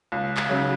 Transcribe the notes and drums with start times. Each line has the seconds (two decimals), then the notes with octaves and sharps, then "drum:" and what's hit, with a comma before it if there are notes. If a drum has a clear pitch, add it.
0.12 C#2
0.37 drum: clap
0.49 C#3 F#3 C#4